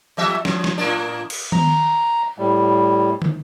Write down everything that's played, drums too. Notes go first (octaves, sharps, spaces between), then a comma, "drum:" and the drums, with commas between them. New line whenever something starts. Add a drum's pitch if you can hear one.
F2 F#3 E5
F3, drum: snare
drum: snare
A2 A#3 D4
drum: cymbal
A#5, drum: tom D#3
A2 G3
drum: tom